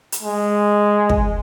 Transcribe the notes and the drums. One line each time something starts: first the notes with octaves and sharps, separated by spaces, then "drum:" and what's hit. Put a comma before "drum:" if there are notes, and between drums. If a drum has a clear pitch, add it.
drum: hi-hat
G#3
drum: kick